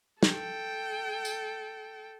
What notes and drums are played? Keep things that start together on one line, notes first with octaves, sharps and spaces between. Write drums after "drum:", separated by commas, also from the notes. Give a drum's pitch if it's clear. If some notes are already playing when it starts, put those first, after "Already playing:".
A4 G5, drum: snare
drum: tambourine